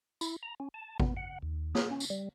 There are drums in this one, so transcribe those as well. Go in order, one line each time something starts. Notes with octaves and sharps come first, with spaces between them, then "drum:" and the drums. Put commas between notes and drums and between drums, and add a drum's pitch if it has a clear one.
E4, drum: tambourine
A#5
C#4
A5
B3, drum: kick G#1
F#5
D#2
G#4, drum: snare
C#4
drum: tambourine
G3